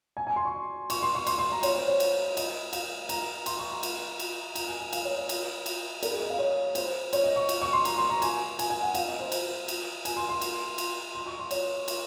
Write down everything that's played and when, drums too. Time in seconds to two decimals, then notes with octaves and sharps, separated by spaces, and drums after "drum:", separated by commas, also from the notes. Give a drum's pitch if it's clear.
0.17 G#5
0.27 G#5
0.36 C6
0.45 C#6
0.90 C#6, drum: cymbal
1.02 C6
1.15 C#6
1.27 C6, drum: cymbal
1.38 C6
1.52 A#5
1.63 C#5, drum: cymbal
1.76 C5
1.87 C#5
2.00 drum: cymbal
2.37 D#5, drum: cymbal
2.73 F5, drum: cymbal
3.09 A#5, drum: cymbal
3.46 C6, drum: cymbal
3.59 C#6
3.70 A#5
3.83 drum: cymbal
4.19 drum: cymbal
4.55 A#5, drum: cymbal
4.68 G#5
4.80 G#5
4.93 F5, drum: cymbal
5.05 C#5
5.16 C#5
5.29 drum: cymbal
5.66 drum: cymbal
6.03 A#4, drum: cymbal
6.11 G#4
6.21 D#5
6.30 F5
6.39 C#5
6.75 C5, drum: cymbal
7.13 C#5, drum: cymbal
7.24 D#5
7.36 C#6
7.49 drum: cymbal
7.62 C#6
7.73 C6
7.85 A#5, drum: cymbal
7.98 C6
8.10 A#5
8.22 G#5, drum: cymbal
8.59 G#5, drum: cymbal
8.70 G#5
8.82 F#5
8.94 F5, drum: cymbal
9.08 D#5
9.19 C5
9.32 drum: cymbal
9.68 drum: cymbal
10.05 G#5, drum: cymbal
10.17 C6
10.29 C6
10.41 drum: cymbal
10.78 drum: cymbal
11.15 C6
11.26 C#6
11.39 C6
11.51 C#5, drum: cymbal
11.88 drum: cymbal